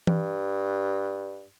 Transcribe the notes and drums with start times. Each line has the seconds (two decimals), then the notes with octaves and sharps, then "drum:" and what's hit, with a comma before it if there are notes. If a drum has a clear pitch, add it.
0.07 G2, drum: tom E3